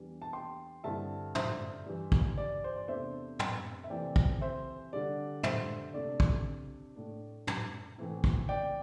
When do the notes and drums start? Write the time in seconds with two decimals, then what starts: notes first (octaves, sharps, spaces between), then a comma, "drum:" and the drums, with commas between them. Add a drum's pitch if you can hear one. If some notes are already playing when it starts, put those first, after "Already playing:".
Already playing: E2 E3 G3 D4
0.22 A5
0.33 G5 C6
0.84 G2 D3 C4 E4 E5 A5
1.35 C5 E5, drum: tom
1.86 G2 E3 G3
2.12 drum: kick
2.38 D5
2.64 C5
2.76 D5
2.88 E2 C3 A3 D4 C5 E5
3.39 drum: tom
3.84 E5
3.90 C3 E3 A3 C4 E4 D5 G5
4.16 drum: kick
4.41 C5 E5
4.93 D3 G3 D4 D5
5.43 C5 E5, drum: tom
5.94 C3 A3 D4 D5
6.20 drum: kick
6.96 A2 A3 D4
7.47 drum: tom
7.98 A2 E3 C4 E4
8.24 drum: kick
8.49 D5 G5